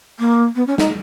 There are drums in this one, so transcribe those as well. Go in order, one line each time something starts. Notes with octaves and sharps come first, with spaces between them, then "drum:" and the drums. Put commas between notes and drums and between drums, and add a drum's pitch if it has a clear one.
A#3
B3
C#4
D#4, drum: snare